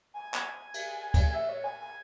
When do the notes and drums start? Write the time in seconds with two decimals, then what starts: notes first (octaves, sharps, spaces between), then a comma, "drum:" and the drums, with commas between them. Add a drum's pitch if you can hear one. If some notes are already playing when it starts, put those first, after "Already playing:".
0.14 G#5
0.34 drum: clap
0.74 drum: cymbal
1.14 drum: kick, cymbal
1.34 E5
1.49 C#5
1.64 G#5
1.79 G#5